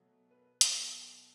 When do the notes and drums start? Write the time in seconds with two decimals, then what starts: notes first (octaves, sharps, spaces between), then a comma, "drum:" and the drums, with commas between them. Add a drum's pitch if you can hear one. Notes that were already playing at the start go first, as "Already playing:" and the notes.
Already playing: B2 F#3 A3
0.31 B4
0.61 B2 F#3 A3 B4, drum: hi-hat
0.83 A5
1.01 G5
1.06 A5